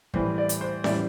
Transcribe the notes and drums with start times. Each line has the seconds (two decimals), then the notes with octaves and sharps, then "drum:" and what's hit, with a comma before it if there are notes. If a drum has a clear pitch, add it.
0.14 A2 E3 G3 C5, drum: kick
0.38 D5
0.49 drum: hi-hat
0.61 C5
0.84 A2 E3 G3 D5, drum: snare C#4